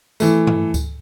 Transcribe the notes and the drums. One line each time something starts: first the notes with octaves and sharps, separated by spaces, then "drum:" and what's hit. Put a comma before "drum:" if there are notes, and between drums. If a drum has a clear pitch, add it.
E3 A3, drum: tambourine
drum: tom G2
drum: kick C#2, tambourine